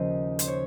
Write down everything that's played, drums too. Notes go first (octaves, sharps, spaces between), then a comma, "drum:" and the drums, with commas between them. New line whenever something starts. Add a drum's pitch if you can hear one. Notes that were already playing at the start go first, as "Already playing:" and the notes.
Already playing: D#2 C#3 F3 A#4 C5 D#5
C5, drum: hi-hat
C#5